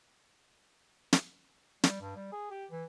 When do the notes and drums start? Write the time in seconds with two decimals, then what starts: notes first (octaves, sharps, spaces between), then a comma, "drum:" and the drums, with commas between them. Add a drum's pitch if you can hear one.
1.13 drum: snare
1.83 G3, drum: snare
2.01 G2
2.16 G3
2.32 G#4
2.51 G4
2.71 E3